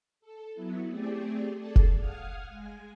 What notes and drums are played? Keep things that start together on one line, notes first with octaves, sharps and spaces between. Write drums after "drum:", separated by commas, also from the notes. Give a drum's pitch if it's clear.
A4
F#3 B3 E4
A3 C4 G4 G#4 D5
G#4 A4 D5 A5
drum: kick F1
F5 F#5 D#6 F6 G#6
G#3 G#5